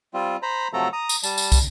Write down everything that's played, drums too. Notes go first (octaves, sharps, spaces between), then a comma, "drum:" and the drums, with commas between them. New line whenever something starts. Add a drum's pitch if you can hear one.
G3 C4 F4
C5 A#5 B5
C3 F3 F#3 A3 A4 A#5
A#5 D#6
drum: tambourine
G3 A5, drum: tambourine
drum: tambourine
drum: kick, tambourine